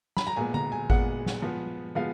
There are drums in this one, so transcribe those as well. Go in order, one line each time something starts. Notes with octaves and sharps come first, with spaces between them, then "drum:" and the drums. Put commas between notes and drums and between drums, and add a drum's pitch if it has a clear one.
B5, drum: snare
A#5
A#2 G#3 B3 G#5
A#5, drum: tom D3
G#5
A#2 G#3 B3 F#5, drum: kick G#1
drum: snare
F3 G#3 B3
F3 G#3 B3 F5